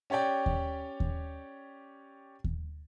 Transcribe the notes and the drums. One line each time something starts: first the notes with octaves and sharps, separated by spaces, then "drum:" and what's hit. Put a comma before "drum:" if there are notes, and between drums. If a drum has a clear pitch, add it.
C#4 G4 C#5 D5 G5
drum: kick D#2
drum: kick D#2
drum: kick D#2